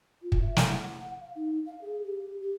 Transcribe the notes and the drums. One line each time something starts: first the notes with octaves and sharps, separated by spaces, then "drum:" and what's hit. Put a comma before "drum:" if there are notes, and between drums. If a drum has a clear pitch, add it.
F4
drum: kick
E5
E4, drum: snare
F#5
F5
D#4
F5
G#4
G4
G4